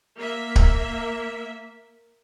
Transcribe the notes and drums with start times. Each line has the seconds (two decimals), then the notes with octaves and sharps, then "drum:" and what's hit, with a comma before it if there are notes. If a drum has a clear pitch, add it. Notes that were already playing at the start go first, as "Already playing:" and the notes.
0.17 A#3 E5
0.56 drum: kick D1